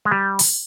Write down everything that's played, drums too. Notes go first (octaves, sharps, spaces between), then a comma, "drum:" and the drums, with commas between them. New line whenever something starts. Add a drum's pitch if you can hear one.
G#3
G3
drum: open hi-hat